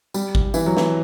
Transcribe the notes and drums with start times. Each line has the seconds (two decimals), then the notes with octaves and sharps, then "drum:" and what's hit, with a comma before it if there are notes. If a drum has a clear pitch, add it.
0.14 G3, drum: tambourine
0.35 drum: kick G#1
0.54 E3, drum: tambourine
0.66 F#3
0.77 E3, drum: snare